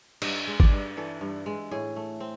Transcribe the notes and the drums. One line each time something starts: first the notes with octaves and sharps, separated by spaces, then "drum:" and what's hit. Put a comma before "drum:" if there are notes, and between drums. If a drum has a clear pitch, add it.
G2 D#5, drum: cymbal
G#3
D5, drum: kick G1
G2
E3 A4
G2
G#3
A2 G#4
A3
C4